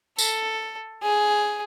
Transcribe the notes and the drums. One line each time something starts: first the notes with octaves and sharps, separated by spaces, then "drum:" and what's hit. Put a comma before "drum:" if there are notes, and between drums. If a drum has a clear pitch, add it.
A4, drum: tambourine
G#4